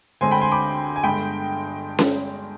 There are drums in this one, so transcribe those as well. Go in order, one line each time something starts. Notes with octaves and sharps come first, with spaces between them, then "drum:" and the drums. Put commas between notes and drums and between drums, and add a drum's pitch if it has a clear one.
D2 D3 G#3 C4 G#5 C6
G5 B5
G#5 C6
B5 D6
G#5
G1 G2 D3 G#3 G5 B5
drum: snare C#4